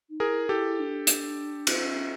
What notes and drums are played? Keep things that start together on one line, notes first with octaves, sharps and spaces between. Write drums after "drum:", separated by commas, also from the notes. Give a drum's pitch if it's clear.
D#4
E4 G#4 A#4
E4 G4 A4
D4
drum: hi-hat
C#4, drum: cymbal